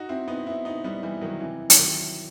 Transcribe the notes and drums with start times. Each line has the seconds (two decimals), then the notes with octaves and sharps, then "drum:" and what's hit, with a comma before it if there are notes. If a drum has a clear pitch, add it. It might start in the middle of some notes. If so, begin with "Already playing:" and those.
Already playing: D#4 F#4
0.09 C4 E4
0.28 B3 D#4
0.47 C4 E4
0.65 B3 D#4
0.84 G3 B3
1.03 E3 G3
1.21 D#3 F#3
1.40 C3 E3
1.70 E3, drum: hi-hat
1.78 D#3 F#3